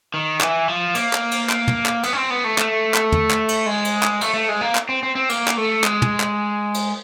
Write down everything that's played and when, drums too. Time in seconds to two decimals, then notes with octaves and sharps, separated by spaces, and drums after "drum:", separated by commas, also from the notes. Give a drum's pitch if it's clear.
0.14 D#3
0.41 E3, drum: clap
0.68 F3
0.95 A#3, drum: cymbal
1.13 drum: clap
1.31 drum: cymbal
1.49 drum: clap
1.68 drum: tom
1.86 drum: clap
2.03 B3, drum: cymbal
2.13 C#4
2.17 C4
2.30 B3
2.44 A3
2.58 A3, drum: clap
2.94 drum: clap
3.12 drum: tom
3.30 drum: clap
3.49 drum: cymbal
3.66 G#3
3.85 drum: cymbal
4.03 drum: clap
4.21 A3, drum: cymbal
4.34 A3
4.49 G#3
4.61 A#3
4.75 drum: clap
4.89 C4
5.03 C4
5.15 C4
5.29 A#3, drum: cymbal
5.48 drum: clap
5.57 A3
5.84 G#3, drum: clap
6.02 drum: tom
6.20 drum: clap
6.74 drum: cymbal